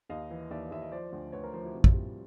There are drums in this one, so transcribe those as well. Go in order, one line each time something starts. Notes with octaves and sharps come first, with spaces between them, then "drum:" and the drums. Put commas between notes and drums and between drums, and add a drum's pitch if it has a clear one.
D#2 D#5 F5
E3
D#2 D5 E5
D#2 E5
D#5
F3 C5 D5
D2
D2 B4 C#5
A#4 C5
F3 A#4 C5
E4 F#4
C3
drum: kick
G3